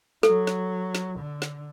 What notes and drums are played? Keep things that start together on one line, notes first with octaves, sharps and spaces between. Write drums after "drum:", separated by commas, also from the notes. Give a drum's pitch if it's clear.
F#3 A4, drum: snare
drum: snare
drum: snare
D3
drum: snare